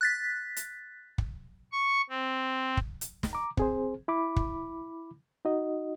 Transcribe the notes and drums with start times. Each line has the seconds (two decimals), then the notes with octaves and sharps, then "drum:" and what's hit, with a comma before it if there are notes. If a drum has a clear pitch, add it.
0.01 F#6 A6 B6
0.56 drum: hi-hat
1.18 drum: kick
1.72 C#6
2.09 C4
2.77 drum: kick
3.01 drum: hi-hat
3.23 drum: snare
3.33 A#5 D6
3.57 C4 G#4 C5, drum: kick
4.08 E4 B5 D6
4.36 drum: kick
5.45 D#4 F#4 D#5